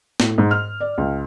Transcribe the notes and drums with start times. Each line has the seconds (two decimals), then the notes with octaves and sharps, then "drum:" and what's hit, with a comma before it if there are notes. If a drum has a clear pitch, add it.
0.20 A2, drum: snare
0.38 G#2
0.51 F6
0.80 D5
0.98 C#2